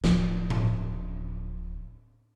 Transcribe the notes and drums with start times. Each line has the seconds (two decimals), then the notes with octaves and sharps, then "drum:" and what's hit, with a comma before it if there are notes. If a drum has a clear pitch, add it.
0.04 D1 F3, drum: snare
0.50 drum: tom A2